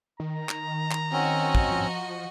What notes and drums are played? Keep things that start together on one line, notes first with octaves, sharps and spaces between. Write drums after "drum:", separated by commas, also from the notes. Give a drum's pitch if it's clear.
D#3 A#5
drum: clap
drum: clap
C4 C#4 F#4 D#5
drum: kick
F3